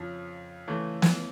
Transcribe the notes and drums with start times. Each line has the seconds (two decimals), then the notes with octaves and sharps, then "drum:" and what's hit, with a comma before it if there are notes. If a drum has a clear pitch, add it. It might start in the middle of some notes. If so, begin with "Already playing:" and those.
Already playing: F2 C#3 F3
0.67 C#3 E3 A3
1.02 drum: snare